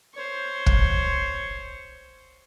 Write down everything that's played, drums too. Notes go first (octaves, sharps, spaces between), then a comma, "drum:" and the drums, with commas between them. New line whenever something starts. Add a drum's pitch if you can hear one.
C5 C#5
drum: kick